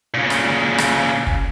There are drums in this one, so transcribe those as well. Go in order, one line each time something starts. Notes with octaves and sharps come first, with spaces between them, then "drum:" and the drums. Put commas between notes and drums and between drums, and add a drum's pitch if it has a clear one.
A#2 C#3
drum: rim click
drum: rim click
drum: kick